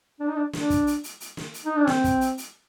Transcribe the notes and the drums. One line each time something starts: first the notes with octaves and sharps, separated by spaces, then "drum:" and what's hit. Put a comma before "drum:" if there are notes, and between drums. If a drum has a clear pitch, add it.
D4
D#4
D4
D4, drum: snare
drum: kick, hi-hat
drum: hi-hat
drum: hi-hat
drum: hi-hat
drum: snare
drum: hi-hat
D#4
D4
C4, drum: snare
drum: kick, hi-hat
drum: hi-hat
drum: hi-hat